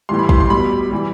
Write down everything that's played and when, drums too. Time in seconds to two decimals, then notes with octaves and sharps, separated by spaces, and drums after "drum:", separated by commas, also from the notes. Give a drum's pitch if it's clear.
0.09 A2 E3 G3 C6
0.19 B5
0.29 C6, drum: kick
0.40 C6
0.50 B2 G3 B5
0.91 E3 G3